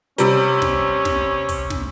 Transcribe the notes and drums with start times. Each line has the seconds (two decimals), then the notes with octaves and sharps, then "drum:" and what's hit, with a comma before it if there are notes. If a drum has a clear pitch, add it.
0.18 C3 G3 C#4, drum: hi-hat
0.62 drum: snare
1.05 drum: snare
1.49 drum: kick, open hi-hat
1.70 drum: snare